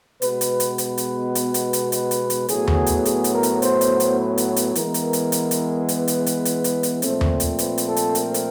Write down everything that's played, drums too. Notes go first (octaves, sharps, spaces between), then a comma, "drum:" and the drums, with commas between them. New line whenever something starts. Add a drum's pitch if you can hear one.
B2 G#3 B3 B4, drum: hi-hat
drum: hi-hat
drum: hi-hat
B4, drum: hi-hat
drum: hi-hat
drum: hi-hat
drum: hi-hat
drum: hi-hat
B4, drum: hi-hat
drum: hi-hat
drum: hi-hat
A2 F#3 B3 G#4, drum: hi-hat
drum: tom D#2
drum: hi-hat
G#4, drum: hi-hat
drum: hi-hat
A#4
drum: hi-hat
C5, drum: hi-hat
drum: hi-hat
drum: hi-hat
B4
drum: hi-hat
drum: hi-hat
E3 G#3 B3 A#4, drum: hi-hat
drum: hi-hat
drum: hi-hat
drum: hi-hat
drum: hi-hat
B4, drum: hi-hat
drum: hi-hat
drum: hi-hat
drum: hi-hat
drum: hi-hat
drum: hi-hat
A#2 F3 A3 C4, drum: hi-hat
drum: tom D#2
drum: hi-hat
B4, drum: hi-hat
drum: hi-hat
A4
drum: hi-hat
A#4, drum: hi-hat
drum: hi-hat